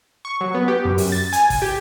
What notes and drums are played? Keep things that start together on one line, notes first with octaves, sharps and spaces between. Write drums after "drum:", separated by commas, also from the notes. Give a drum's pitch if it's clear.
C#6
F#3
B3
G4
F#2
drum: open hi-hat
A6
G#5, drum: hi-hat
drum: kick, open hi-hat
G4